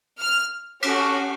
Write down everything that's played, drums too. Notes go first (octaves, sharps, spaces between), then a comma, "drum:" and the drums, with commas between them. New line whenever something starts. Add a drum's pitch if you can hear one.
F6
C#4 F#4 A4, drum: cymbal